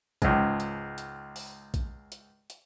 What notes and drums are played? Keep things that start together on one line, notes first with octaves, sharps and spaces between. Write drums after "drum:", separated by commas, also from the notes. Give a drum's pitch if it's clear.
C#2 G#2, drum: kick A#1, hi-hat
drum: hi-hat
drum: hi-hat
drum: open hi-hat
drum: kick A#1, hi-hat
drum: hi-hat
drum: hi-hat